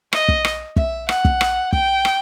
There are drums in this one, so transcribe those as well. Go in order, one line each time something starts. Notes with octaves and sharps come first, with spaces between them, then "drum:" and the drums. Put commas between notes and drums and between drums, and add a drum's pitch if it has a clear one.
D#5, drum: rim click
drum: kick
drum: rim click
E5, drum: kick
F#5, drum: rim click
drum: kick
drum: rim click
G5, drum: kick
drum: rim click